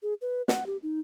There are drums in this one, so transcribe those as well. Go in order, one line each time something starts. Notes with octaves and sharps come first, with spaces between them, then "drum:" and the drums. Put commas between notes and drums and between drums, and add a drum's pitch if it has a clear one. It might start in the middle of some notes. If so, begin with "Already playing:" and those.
G#4
B4
F#5, drum: snare
G4
D#4